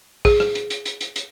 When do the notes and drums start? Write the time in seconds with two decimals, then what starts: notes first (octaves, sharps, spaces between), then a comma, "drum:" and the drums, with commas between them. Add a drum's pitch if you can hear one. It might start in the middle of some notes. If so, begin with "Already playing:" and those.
0.25 G#4, drum: kick, open hi-hat
0.40 drum: rim click
0.55 drum: hi-hat
0.70 drum: hi-hat
0.85 drum: hi-hat
1.01 drum: hi-hat
1.16 drum: hi-hat